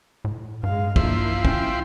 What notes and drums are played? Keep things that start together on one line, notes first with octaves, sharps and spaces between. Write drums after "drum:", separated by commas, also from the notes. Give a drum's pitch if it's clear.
A2
G2 G#3 F5
F3 A#3 D4 E4 C6, drum: kick
C#4 G5, drum: kick